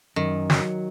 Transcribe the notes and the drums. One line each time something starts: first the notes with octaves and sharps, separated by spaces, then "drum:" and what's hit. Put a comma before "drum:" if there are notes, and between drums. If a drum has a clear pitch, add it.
F#2 D#3
F#3, drum: snare